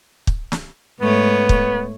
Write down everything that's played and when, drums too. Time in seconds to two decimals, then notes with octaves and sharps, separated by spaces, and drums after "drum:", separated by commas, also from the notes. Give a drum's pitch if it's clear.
0.27 drum: kick
0.52 drum: snare
1.00 G#2 A3 B3 C#5
1.49 drum: kick